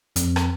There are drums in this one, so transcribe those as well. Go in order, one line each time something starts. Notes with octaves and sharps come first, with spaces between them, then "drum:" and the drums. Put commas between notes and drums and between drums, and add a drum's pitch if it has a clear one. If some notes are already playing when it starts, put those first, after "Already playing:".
F2, drum: hi-hat
drum: rim click